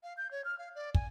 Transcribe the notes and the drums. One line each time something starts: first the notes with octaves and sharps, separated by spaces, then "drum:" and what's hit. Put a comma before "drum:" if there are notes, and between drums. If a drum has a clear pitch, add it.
F5
G6
C#5
F6
F5
D5
G#5, drum: kick